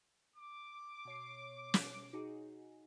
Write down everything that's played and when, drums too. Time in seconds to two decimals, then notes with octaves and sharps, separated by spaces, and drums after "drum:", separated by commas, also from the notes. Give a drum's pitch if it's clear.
0.36 D6
1.05 B2 C#5 C7
1.74 drum: snare
2.13 D#4 F#4 G#4